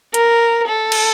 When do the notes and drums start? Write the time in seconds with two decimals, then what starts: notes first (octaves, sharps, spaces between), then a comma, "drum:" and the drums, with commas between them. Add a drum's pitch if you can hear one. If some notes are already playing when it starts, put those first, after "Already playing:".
0.14 A#4, drum: hi-hat
0.68 A4
0.92 drum: cymbal